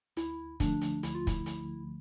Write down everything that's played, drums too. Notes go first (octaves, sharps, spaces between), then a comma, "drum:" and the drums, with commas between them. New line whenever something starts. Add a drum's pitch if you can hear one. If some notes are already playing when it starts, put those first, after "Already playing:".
D2 E4, drum: hi-hat
D3 F3 A3 D4, drum: kick, hi-hat
drum: hi-hat
D2 E4, drum: hi-hat
F4
E4, drum: kick, hi-hat
drum: hi-hat